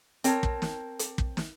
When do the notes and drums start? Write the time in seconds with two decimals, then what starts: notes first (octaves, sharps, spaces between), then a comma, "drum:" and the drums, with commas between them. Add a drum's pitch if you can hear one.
0.24 C4 A#4 C#5 A5, drum: hi-hat
0.43 drum: kick
0.62 drum: snare
0.99 drum: hi-hat
1.18 drum: kick
1.37 drum: snare